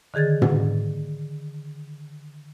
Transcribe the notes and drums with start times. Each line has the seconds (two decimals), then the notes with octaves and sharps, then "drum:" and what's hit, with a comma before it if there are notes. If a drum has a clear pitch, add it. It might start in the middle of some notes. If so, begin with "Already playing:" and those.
0.14 D3 D#3 G#4 G#6 A6
0.42 drum: tom